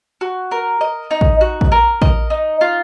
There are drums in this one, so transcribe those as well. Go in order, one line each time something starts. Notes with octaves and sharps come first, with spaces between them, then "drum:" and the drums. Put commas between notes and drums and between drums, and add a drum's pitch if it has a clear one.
F#4
A#4
D#5
D#4
drum: kick A#1
F#4
drum: kick A#1
A#4
D#5, drum: kick A#1
D#4
F4